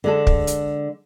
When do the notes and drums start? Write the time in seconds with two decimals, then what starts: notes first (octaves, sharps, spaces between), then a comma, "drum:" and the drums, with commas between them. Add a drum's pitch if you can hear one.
0.04 D3 G#3 A4
0.27 drum: kick
0.47 drum: hi-hat